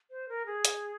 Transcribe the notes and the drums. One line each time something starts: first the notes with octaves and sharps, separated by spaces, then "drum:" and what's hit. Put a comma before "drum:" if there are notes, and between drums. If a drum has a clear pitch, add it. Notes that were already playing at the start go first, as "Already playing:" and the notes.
C5
A#4
G#4
drum: hi-hat